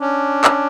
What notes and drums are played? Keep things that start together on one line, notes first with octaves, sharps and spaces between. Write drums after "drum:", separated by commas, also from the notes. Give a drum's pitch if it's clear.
C#4 D4
drum: clap